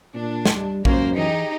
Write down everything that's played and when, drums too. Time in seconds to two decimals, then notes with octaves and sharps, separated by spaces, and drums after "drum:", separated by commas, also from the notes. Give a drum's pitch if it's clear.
0.15 A#2 D4
0.46 drum: snare
0.55 G3
0.85 C#2 F#2 A#3 C#4 C5 F5, drum: kick A#1
1.18 E3 D#4 G4 G#4